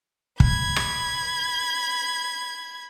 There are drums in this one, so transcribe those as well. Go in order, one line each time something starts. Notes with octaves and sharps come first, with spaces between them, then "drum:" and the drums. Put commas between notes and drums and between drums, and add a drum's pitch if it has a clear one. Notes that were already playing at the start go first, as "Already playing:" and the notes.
B5 G#6, drum: kick
drum: rim click